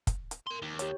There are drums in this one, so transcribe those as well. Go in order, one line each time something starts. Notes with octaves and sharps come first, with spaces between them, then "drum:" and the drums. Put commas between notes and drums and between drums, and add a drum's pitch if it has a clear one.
drum: kick, hi-hat
drum: hi-hat
A#4 C6
D#2
G4 C#5, drum: hi-hat